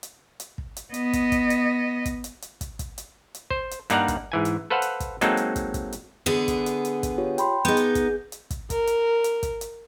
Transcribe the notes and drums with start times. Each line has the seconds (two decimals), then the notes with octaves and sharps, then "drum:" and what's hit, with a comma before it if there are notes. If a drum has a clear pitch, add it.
0.03 drum: hi-hat
0.40 drum: hi-hat
0.58 drum: kick
0.77 drum: hi-hat
0.94 B3 D#5, drum: hi-hat
1.13 drum: kick, hi-hat
1.32 drum: kick, hi-hat
1.50 drum: hi-hat
2.05 drum: kick, hi-hat
2.24 drum: hi-hat
2.42 drum: hi-hat
2.61 drum: kick, hi-hat
2.79 drum: kick, hi-hat
2.98 drum: hi-hat
3.34 drum: hi-hat
3.50 C5, drum: kick
3.71 drum: hi-hat
3.90 G2 A#3 D#4 D5 F#5 A#5, drum: hi-hat
4.08 drum: kick, hi-hat
4.32 G#2 E3 G#5
4.45 drum: hi-hat
4.70 A4 B4 C5 F5 F#5
4.82 drum: hi-hat
5.00 drum: kick, hi-hat
5.21 F#3 G#3 A#3 C4 D#4 A4, drum: hi-hat
5.37 drum: hi-hat
5.56 drum: kick, hi-hat
5.74 drum: kick, hi-hat
5.92 drum: hi-hat
6.26 D3 B3 G#4
6.48 drum: kick, hi-hat
6.66 drum: hi-hat
6.85 drum: hi-hat
7.03 drum: kick, hi-hat
7.18 F4 G4 C#5
7.38 G5 B5 C6, drum: hi-hat
7.65 B3 D#4 G#4 G6
7.77 drum: hi-hat
7.95 drum: kick, hi-hat
8.32 drum: hi-hat
8.50 drum: kick, hi-hat
8.70 A#4, drum: kick, hi-hat
8.87 drum: hi-hat
9.24 drum: hi-hat
9.43 drum: kick, hi-hat
9.61 drum: hi-hat